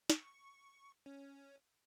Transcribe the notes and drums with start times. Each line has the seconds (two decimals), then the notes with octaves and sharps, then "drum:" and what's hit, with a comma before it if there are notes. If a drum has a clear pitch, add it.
0.10 C#6, drum: snare
1.06 C#4